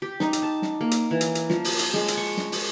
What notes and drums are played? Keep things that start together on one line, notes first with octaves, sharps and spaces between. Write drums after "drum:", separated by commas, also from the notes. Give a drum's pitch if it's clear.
G4
D#4, drum: snare
drum: hi-hat
A5
drum: snare
A#3
drum: hi-hat
E3
drum: hi-hat
drum: hi-hat
F3, drum: snare
drum: open hi-hat
drum: hi-hat
G#3, drum: snare
drum: hi-hat
C#6
drum: snare
drum: open hi-hat